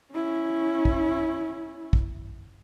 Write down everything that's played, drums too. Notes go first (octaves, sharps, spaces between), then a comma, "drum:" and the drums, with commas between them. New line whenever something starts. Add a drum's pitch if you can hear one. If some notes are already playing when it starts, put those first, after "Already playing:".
C#4 E4
drum: kick
drum: kick